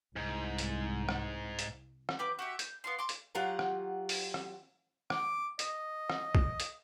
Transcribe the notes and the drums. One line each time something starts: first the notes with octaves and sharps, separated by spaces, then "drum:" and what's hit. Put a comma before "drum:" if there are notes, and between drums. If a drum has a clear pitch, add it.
C2 G#2
drum: hi-hat
drum: rim click
drum: hi-hat
drum: rim click
G4 B4 D6
F#4 G4 E5
G6, drum: hi-hat
B3 F4 C6
C6 D6
drum: hi-hat
F#3 F4 G4 F#5 A#5
drum: rim click
drum: open hi-hat
drum: rim click
D6, drum: rim click
D#5, drum: hi-hat
drum: rim click
drum: kick
drum: hi-hat